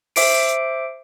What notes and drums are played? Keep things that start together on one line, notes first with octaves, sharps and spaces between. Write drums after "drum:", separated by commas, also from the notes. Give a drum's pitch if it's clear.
C5 E5 D6 C7 D7, drum: open hi-hat